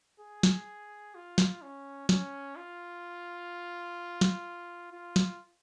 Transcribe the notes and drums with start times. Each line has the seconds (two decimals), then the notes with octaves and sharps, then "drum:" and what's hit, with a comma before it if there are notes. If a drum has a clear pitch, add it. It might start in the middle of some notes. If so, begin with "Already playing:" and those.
0.20 G#4
0.43 drum: snare
1.15 F4
1.38 drum: snare
1.62 C#4
2.09 C#4, drum: snare
2.56 F4
4.21 drum: snare
4.92 F4
5.16 drum: snare